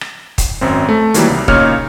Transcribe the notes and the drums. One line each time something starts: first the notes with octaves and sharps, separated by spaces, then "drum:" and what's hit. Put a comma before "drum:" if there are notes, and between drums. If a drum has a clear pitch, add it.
drum: rim click
drum: kick, hi-hat
G#1 F#2 C4
A3
D#3 E3 F#3 G3 A#3, drum: hi-hat
C2
A#2 C#3 D#4 C#5 F6, drum: kick